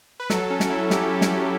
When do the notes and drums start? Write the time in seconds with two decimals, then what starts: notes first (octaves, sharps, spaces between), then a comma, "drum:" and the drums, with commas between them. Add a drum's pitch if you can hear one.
0.20 B4
0.30 F#3 A4, drum: snare
0.50 C#4
0.60 drum: snare
0.70 E4
0.90 E4 G4, drum: snare
1.11 F#3
1.21 A4, drum: snare
1.31 F#3